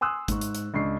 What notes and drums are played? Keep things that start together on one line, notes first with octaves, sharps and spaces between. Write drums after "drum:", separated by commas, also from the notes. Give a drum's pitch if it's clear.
G#5 C6 D#6 E6 F#6
G#2 C#6, drum: kick, hi-hat
drum: hi-hat
drum: hi-hat
C#2 D4 C#6 C7